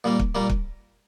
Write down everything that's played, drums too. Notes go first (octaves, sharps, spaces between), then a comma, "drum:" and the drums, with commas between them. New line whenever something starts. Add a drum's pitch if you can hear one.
A#2 G3 A#3
drum: kick
A#2 G3 A#3
drum: kick